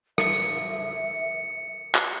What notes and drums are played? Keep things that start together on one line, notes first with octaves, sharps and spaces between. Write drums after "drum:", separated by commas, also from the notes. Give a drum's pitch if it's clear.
E5 C#7, drum: rim click
drum: tambourine
drum: clap